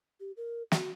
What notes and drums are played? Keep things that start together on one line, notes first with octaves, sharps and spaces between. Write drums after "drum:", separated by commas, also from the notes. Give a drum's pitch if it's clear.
G4
A#4
F#4, drum: snare